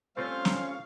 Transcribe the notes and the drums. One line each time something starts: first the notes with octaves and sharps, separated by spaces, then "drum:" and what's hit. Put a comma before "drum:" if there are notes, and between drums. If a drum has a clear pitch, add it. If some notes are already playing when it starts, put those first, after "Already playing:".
G3 A3 C4 C#4 F4 C5 F5 C#6
drum: snare